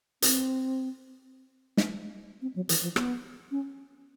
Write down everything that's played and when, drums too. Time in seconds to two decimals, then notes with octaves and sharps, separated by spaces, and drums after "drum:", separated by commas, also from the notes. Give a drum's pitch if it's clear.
0.22 C4, drum: hi-hat
1.77 drum: snare
2.42 C4
2.56 F#3
2.69 E3, drum: hi-hat
2.83 F3
2.96 B3, drum: rim click
3.51 C#4